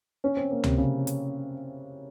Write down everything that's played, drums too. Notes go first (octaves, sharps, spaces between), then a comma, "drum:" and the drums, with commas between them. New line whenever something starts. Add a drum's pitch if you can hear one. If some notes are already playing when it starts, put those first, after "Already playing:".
C#4
C4
A#3
C3, drum: tom
C#3
drum: hi-hat